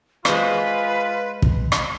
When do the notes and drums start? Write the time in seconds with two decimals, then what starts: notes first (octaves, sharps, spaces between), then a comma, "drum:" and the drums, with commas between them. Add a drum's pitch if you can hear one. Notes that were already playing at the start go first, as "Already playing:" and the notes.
0.25 G#3 F4 B4 C5, drum: rim click
1.42 drum: kick
1.72 drum: rim click